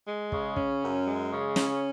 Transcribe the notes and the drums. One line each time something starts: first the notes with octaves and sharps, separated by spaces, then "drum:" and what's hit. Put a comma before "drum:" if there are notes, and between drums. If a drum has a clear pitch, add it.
G#3
C#3, drum: kick
C#4, drum: kick
F#2
G#3
C#3
C#4, drum: snare